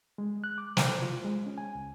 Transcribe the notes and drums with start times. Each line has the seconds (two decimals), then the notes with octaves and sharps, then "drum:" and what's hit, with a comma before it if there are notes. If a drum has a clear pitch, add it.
0.18 G#3
0.44 F#6
0.58 D6
0.77 C5, drum: snare
1.02 F4
1.24 G#3
1.46 C#4
1.58 G#5
1.75 C#2